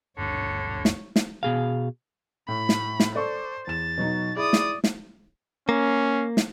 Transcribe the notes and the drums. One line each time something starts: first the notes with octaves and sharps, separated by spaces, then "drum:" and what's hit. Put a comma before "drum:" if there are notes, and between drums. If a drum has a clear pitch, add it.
G#1 D2 G2 D3 C#5
drum: snare
drum: snare
B2 G#4 F5
A2 B5
drum: snare
drum: snare
A4 C5 D5 C#6
E2 A6 E7
B2 F#3 D#4
E4 G#4 D5 D#6
drum: snare
drum: snare
A#3 C#4
drum: snare